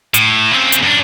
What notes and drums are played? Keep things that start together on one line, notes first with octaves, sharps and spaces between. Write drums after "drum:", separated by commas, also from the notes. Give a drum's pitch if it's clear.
A2, drum: hi-hat
C#3 C4
drum: hi-hat
F#2 D4